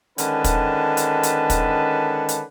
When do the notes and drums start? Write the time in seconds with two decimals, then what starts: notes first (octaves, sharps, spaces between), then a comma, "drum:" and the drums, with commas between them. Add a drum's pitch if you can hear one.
0.18 D3 D#3 G#3 C#4 B4 A5, drum: hi-hat
0.44 drum: kick, hi-hat
0.97 drum: hi-hat
1.23 drum: hi-hat
1.50 drum: kick, hi-hat
2.29 drum: hi-hat